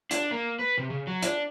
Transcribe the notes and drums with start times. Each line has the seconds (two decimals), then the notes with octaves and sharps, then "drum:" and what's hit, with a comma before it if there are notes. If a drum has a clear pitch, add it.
0.11 D4, drum: hi-hat
0.31 A#3
0.59 B4
0.78 C3
0.90 C#3
1.07 F#3
1.23 D4, drum: hi-hat